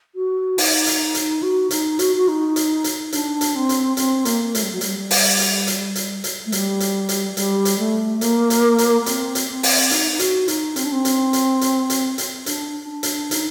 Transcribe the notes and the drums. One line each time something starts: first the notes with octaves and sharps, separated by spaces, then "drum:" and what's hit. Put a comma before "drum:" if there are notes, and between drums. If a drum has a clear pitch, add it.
F#4
D#4, drum: open hi-hat
drum: hi-hat
drum: hi-hat
F#4
D#4, drum: hi-hat
F#4, drum: hi-hat
F#4
D#4
drum: hi-hat
drum: hi-hat
D4, drum: hi-hat
drum: hi-hat
C4
drum: hi-hat
C4, drum: hi-hat
A#3, drum: hi-hat
A3, drum: hi-hat
G3
F#3
G3, drum: hi-hat
drum: open hi-hat
drum: hi-hat
drum: hi-hat
drum: hi-hat
drum: hi-hat
A3
G3, drum: hi-hat
drum: hi-hat
drum: hi-hat
G3, drum: hi-hat
drum: hi-hat
A3
A#3, drum: hi-hat
drum: hi-hat
drum: hi-hat
A#3
C4, drum: hi-hat
drum: hi-hat
C4
drum: open hi-hat
D#4, drum: hi-hat
D#4
F#4, drum: hi-hat
D#4, drum: hi-hat
C4, drum: hi-hat
D4
C4
drum: hi-hat
drum: hi-hat
drum: hi-hat
drum: hi-hat
drum: hi-hat
D4, drum: hi-hat
D4
drum: hi-hat
D#4, drum: hi-hat